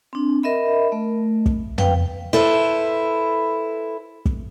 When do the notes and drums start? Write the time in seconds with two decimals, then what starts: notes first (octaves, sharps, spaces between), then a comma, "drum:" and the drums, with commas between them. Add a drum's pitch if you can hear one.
0.13 C4 D4
0.43 A#4 D#5 E5 B5
0.92 A3
1.46 drum: kick
1.78 B4 F5 G5, drum: tom
2.33 E4 A4 B4 C5
4.26 drum: kick